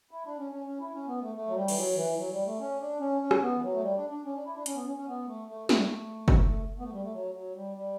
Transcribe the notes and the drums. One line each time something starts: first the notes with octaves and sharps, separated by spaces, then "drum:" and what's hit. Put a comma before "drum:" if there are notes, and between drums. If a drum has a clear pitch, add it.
E4
D4
C#4
C#4
C#4
E4
C#4
B3
A3
A3
F#3
G3
E3, drum: cymbal
F#3
E3
F#3
G3
A3
C#4
D4
C#4
C#4
drum: rim click
B3
E3
F#3
A3
G3
D4
D4
C#4
D4
E4
D4
C#4, drum: hi-hat
B3
C#4
C#4
B3
A3
A3
A3, drum: snare
drum: kick
B3
A3
G3
A3
F#3
F#3
G3
G3